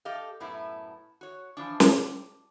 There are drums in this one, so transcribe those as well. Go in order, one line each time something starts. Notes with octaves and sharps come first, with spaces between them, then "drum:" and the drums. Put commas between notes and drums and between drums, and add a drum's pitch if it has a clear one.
G4 A4 D#5 F5
F#2 A2 B3 E4
F#4 C#5
E3 F3 D4
G3, drum: snare